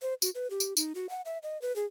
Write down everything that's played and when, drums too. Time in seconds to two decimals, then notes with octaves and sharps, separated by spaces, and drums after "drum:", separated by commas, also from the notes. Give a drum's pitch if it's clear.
0.02 C5
0.22 F#4, drum: tambourine
0.35 B4
0.50 G4
0.60 drum: tambourine
0.77 D#4, drum: tambourine
0.95 F#4
1.09 F#5
1.25 E5
1.43 D#5
1.62 B4
1.76 G#4